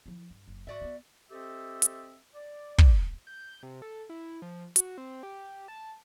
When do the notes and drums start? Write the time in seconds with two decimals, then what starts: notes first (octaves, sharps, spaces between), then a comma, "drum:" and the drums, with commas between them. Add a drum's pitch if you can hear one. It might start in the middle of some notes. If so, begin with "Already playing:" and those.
0.06 F3 E4
0.30 G2
0.48 F#1
0.67 G#2 F#4 D5 E5
0.81 C3 B3
1.31 C4 G4 A4 C5 D#5 E5
1.82 drum: hi-hat
2.34 D5
2.78 drum: kick
3.27 G6
3.63 C3
3.82 A4
4.09 E4
4.42 F3
4.76 F#4, drum: hi-hat
4.98 C4
5.23 G4
5.68 A5